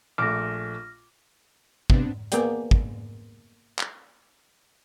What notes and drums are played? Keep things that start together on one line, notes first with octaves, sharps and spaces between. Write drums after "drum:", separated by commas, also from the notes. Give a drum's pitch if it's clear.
A#1 A3 D6 F6 A#6
G2 C3 B3 C4 D4, drum: kick
A#3 B3 G#4 D5 G5, drum: hi-hat
drum: kick
drum: clap